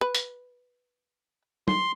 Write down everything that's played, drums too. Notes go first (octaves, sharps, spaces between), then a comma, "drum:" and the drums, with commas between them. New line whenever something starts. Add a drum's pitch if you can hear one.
B4
drum: hi-hat
C6, drum: tom